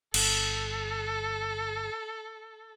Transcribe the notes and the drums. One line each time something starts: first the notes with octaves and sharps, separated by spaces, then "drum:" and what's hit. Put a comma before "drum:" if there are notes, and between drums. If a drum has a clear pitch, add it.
G1 A4, drum: cymbal